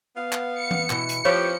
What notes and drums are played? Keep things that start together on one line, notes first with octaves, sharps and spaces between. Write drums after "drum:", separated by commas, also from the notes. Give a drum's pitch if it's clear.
B3 F5
drum: clap
C#7
drum: tom E3
B2 E3, drum: clap
drum: hi-hat
F3 C4 G4 B4 C#5